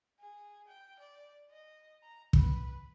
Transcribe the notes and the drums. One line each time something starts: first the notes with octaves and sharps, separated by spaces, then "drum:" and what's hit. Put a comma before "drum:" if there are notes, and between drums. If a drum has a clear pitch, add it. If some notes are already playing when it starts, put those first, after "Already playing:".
G#4
G5
D5
D#5
A#5
B4, drum: kick